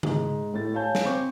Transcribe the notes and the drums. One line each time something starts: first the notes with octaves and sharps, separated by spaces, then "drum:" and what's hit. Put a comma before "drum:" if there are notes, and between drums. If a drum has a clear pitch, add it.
G#2, drum: tom C#3
A2 A6
C#5 F5 G#5 A5 G6
drum: snare
C4 C5 C#6 D6 G6